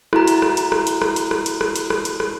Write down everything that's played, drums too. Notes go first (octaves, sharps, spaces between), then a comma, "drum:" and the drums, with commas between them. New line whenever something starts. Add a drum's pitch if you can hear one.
E4 F#4 A#5, drum: rim click
drum: hi-hat
drum: rim click
drum: hi-hat
drum: rim click
drum: hi-hat
drum: rim click
drum: hi-hat
drum: rim click
drum: hi-hat
drum: rim click
drum: hi-hat
drum: rim click
drum: hi-hat
drum: rim click